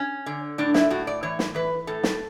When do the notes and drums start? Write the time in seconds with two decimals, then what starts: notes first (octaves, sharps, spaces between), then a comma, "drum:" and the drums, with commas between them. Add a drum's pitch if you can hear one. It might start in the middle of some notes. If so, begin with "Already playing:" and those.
Already playing: C#4
0.26 D3
0.58 A2 D4
0.74 E4, drum: snare
0.90 A2 F#4
1.07 D5
1.23 E3 C#5
1.39 drum: snare
1.54 E3 B4
1.87 A2 A4
2.03 drum: snare